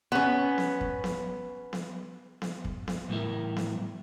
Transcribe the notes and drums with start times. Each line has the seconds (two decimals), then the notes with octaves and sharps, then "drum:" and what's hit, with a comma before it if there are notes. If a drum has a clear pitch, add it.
0.12 B3 C#4
0.58 drum: snare B3
0.81 drum: kick
1.04 drum: snare B3
1.73 drum: snare B3
2.42 drum: snare B3
2.65 drum: kick
2.88 drum: snare B3
3.09 A2 E3 G3 E4 A#4 E5
3.56 drum: snare B3